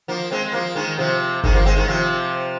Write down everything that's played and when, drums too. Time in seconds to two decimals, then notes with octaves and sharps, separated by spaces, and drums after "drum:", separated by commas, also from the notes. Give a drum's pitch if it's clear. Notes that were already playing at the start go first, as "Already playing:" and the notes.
0.08 F3 A#3
0.31 G#3 C4
0.53 F3 A#3
0.75 D#3 G#3
0.98 C3 F3
1.44 D#3 G#3, drum: kick G1
1.54 F3 A#3
1.65 G#3 C4
1.76 D#3 G#3
1.88 C3 F3